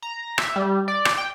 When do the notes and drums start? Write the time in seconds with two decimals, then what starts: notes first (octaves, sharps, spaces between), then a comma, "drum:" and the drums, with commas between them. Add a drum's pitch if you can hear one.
0.02 A#5
0.38 E5, drum: rim click
0.56 G3
0.88 D5
1.05 drum: rim click
1.18 G5